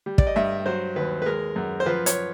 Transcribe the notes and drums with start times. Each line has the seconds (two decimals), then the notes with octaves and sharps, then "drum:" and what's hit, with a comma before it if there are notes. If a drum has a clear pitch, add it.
0.06 G3
0.18 D5, drum: kick
0.27 D#5
0.36 G2 E5
0.66 F#3 C5
0.96 D#2 B4
1.22 B4
1.26 G#3 A#4
1.56 F#2
1.80 C5
1.86 F3 B4
2.06 C#5, drum: hi-hat